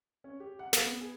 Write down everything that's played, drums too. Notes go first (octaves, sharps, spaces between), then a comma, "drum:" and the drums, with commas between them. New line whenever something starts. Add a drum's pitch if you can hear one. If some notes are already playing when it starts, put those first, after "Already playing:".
C#4
G4
F#5
F5, drum: snare
B3
G#4